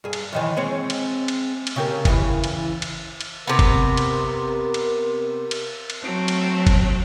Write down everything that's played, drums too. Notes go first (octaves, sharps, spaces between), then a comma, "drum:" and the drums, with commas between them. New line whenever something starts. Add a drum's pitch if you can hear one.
G2 G#4
drum: cymbal
F#2 D#3 E3
G#3 C4 C#5
drum: cymbal
drum: cymbal
drum: cymbal
C#3 G4 A#4
C#3 E3 E4, drum: kick F#1, cymbal
drum: cymbal
drum: cymbal
drum: cymbal
C3 B3 A#4
drum: kick F#1, cymbal
drum: cymbal
drum: cymbal
drum: cymbal
drum: cymbal
F#3 A3 C4
drum: cymbal
drum: kick F#1, cymbal